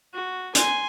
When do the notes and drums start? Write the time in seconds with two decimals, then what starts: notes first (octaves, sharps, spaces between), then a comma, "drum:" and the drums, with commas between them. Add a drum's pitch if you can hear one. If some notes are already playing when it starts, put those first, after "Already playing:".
0.14 F#4
0.55 G#5 C6, drum: hi-hat